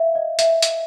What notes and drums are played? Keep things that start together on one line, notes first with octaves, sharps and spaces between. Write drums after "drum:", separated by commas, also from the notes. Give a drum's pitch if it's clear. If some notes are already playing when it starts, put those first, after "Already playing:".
Already playing: E5 F5
D#5
E5, drum: hi-hat
drum: hi-hat